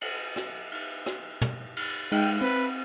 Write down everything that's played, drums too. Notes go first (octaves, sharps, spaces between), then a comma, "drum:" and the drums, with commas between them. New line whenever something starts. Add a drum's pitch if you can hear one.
drum: cymbal
drum: rim click
drum: cymbal
drum: rim click
drum: tom
drum: cymbal
G#3 D#4 G5, drum: cymbal
C4 B4